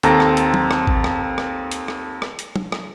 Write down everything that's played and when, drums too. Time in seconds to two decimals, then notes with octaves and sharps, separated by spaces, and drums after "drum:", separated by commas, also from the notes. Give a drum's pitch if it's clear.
0.03 D#2 C4 A4 A5 A#5 A#6, drum: hi-hat
0.20 drum: rim click
0.37 drum: hi-hat
0.54 drum: tom
0.71 drum: rim click
0.87 drum: kick A1
1.04 drum: rim click
1.38 drum: rim click
1.72 drum: hi-hat
1.88 drum: rim click
2.22 drum: rim click
2.39 drum: hi-hat
2.56 drum: tom
2.72 drum: rim click